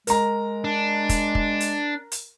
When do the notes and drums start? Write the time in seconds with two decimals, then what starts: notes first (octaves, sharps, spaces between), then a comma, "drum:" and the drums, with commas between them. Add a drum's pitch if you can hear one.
0.07 G#3 A#4 A#5, drum: hi-hat
0.64 D4
1.09 drum: kick, hi-hat
1.35 drum: kick
1.60 drum: hi-hat
2.12 drum: hi-hat